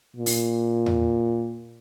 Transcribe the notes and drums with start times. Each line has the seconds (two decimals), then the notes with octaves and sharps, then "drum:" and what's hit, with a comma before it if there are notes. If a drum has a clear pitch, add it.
0.17 A#2
0.26 drum: open hi-hat
0.86 drum: tom E2